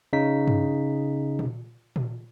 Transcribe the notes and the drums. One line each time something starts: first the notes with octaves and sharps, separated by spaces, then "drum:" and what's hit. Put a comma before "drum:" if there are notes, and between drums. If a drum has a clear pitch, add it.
C#3 D#4 B6
drum: tom G2
drum: tom A#2
drum: tom A#2